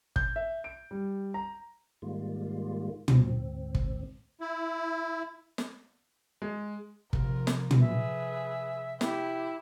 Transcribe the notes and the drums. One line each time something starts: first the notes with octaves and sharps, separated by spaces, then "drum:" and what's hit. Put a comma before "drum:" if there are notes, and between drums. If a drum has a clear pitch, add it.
G6, drum: kick
E5
D7
G3
A#5
G#2 D#3 G3 G#3 A#3 F4
D2 G#2 C4, drum: tom
drum: kick
E4
drum: snare
G#3
C3 F3 F4 A#4, drum: kick
drum: snare
drum: tom
G#4 B4 E5
E4 G4, drum: snare